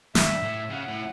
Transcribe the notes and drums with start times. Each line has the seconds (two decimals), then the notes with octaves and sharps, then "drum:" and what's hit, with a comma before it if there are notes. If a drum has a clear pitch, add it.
0.15 G2 E5, drum: snare
0.43 A2
0.70 C#3 F#5
0.88 A2